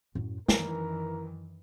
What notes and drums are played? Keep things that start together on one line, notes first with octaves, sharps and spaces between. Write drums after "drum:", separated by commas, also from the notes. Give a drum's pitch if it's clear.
F#2 A2
F#2 D#3 E3 E4 A#4, drum: snare